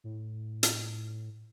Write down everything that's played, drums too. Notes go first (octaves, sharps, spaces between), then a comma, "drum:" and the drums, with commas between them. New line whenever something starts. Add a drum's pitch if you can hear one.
A2
drum: hi-hat